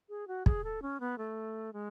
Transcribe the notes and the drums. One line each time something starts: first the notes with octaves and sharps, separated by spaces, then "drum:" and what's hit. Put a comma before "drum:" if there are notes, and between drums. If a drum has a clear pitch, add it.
G#4
F#4
G#4, drum: kick
A4
C#4
B3
A3
G#3